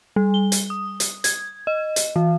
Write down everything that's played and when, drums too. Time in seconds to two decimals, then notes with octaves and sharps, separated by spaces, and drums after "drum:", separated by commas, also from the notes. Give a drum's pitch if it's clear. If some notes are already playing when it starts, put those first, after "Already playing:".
0.16 G3
0.34 G7
0.52 drum: hi-hat
0.70 D#6
1.00 drum: hi-hat
1.24 G#6, drum: hi-hat
1.67 D#5
1.96 drum: hi-hat
2.16 E3